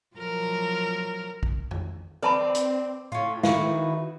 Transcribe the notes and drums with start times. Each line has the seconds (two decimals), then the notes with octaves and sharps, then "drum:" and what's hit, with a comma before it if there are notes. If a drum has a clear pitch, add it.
0.16 F3 F#3 A#4
1.43 drum: kick
1.71 drum: tom F2
2.23 C4 B4 D5 A5 B5
2.55 drum: hi-hat
3.12 A2 C#4 F4
3.43 D#3 E4 F#4 B4 F5, drum: snare